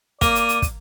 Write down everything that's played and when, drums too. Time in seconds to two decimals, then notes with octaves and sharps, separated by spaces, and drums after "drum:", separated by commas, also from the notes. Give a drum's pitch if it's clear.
0.21 A#3 D5 D#7, drum: kick, hi-hat
0.35 drum: hi-hat
0.49 drum: hi-hat
0.62 drum: kick, hi-hat